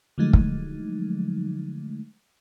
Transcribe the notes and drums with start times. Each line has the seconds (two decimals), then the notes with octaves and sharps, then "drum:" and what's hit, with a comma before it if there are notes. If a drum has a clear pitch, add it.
0.18 D3 F3 F#3 G#3 A3 D#4
0.33 drum: kick